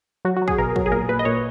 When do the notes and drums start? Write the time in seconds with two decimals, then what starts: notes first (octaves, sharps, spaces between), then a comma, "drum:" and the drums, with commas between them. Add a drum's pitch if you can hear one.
0.25 F#3 F#4
0.36 F#4
0.42 F#3
0.48 G#4, drum: kick
0.58 B2 A#4
0.76 F#3, drum: kick
0.86 G#4
0.92 A#2 A#4
1.08 A#2 B4
1.19 D#5
1.25 A#2 C#5